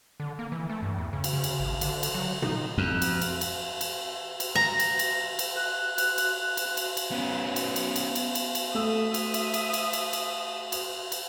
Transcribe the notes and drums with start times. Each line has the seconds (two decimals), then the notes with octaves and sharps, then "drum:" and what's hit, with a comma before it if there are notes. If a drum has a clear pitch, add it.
0.20 D3
0.39 A#3
0.52 E3
0.70 A3
0.82 G2
0.99 E2
1.13 C#3
1.24 drum: cymbal
1.33 C#3
1.44 drum: cymbal
1.60 G#1
1.81 D3, drum: cymbal
2.03 drum: cymbal
2.14 F#3
2.42 D#4, drum: tom
2.78 F2
3.02 drum: cymbal
3.21 drum: cymbal
3.41 drum: cymbal
3.81 drum: cymbal
4.40 drum: cymbal
4.55 A#5
4.80 drum: cymbal
4.99 drum: cymbal
5.39 drum: cymbal
5.57 F#6
5.98 drum: cymbal
6.18 drum: cymbal
6.57 drum: cymbal
6.77 drum: cymbal
6.97 drum: cymbal
7.12 B3 C#4
7.56 drum: cymbal
7.76 drum: cymbal
7.96 drum: cymbal
8.15 drum: cymbal
8.35 drum: cymbal
8.55 drum: cymbal
8.75 A3 E5 D#6 E6
9.14 drum: cymbal
9.34 drum: cymbal
9.54 drum: cymbal
9.73 drum: cymbal
9.93 drum: cymbal
10.13 drum: cymbal
10.72 drum: cymbal
11.12 drum: cymbal